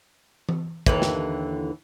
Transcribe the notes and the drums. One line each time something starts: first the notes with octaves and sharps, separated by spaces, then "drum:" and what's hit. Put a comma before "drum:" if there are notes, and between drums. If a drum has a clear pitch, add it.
drum: tom E3
D#2 D3 E3, drum: kick
drum: snare